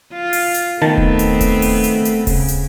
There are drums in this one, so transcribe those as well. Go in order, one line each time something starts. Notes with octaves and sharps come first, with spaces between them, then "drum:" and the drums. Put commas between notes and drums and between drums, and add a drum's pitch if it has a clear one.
F4
drum: open hi-hat
drum: hi-hat
D#3 A3 B3 C4 A5
drum: kick D#1
drum: hi-hat
drum: kick D#1, hi-hat
drum: open hi-hat
drum: hi-hat
drum: hi-hat
C#3, drum: kick D#1, open hi-hat
drum: hi-hat